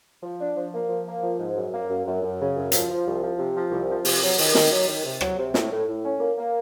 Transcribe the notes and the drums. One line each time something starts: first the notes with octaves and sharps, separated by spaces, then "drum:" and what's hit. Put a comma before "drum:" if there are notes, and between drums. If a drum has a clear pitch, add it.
F3
D4
F3
A#3
F3
A#3
F3
G#2
F#2
A#3
F#2
F#2
F#2
C#3
F#2
F3, drum: hi-hat
F3
C2
F3
C3
F3
C2
F3
C3, drum: open hi-hat
F#3
D#3, drum: open hi-hat
D#3, drum: snare
F#3
D#3
C3
F#3, drum: rim click
C3
A2, drum: snare
A2
A2
C#4
A#3
A#3